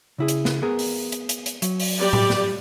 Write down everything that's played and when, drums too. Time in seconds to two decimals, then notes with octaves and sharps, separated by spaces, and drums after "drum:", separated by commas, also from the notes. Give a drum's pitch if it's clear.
0.18 C#3 E4 G#4
0.28 drum: hi-hat
0.45 drum: snare
0.62 B3 G#4 A#4
0.79 drum: open hi-hat
1.12 drum: hi-hat
1.29 drum: hi-hat
1.46 drum: hi-hat
1.62 F#3, drum: hi-hat
1.80 drum: open hi-hat
2.00 G3 G4 D5
2.13 drum: tom A2
2.30 drum: snare